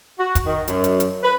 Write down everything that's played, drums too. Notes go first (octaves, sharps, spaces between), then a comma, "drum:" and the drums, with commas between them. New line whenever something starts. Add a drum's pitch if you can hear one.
F#4
drum: kick, hi-hat
D#3
F#2, drum: hi-hat
drum: hi-hat
drum: hi-hat
B4